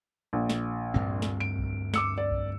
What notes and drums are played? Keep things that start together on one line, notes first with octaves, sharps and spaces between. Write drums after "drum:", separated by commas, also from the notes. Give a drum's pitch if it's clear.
A#1
drum: snare
D2 G2 C4
drum: snare
D7
drum: kick B1
D6 E6 C#7, drum: snare
D5
drum: kick B1